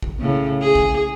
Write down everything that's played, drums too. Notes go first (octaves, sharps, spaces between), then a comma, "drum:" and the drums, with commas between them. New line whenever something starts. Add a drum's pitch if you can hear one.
drum: kick G#1
A2 C#3
G#4
drum: kick G#1